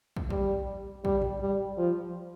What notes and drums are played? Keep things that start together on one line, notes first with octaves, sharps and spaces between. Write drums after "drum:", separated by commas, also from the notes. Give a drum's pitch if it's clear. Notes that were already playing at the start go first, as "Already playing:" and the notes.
drum: kick
G3, drum: kick
G3, drum: kick
drum: tom
G3
F3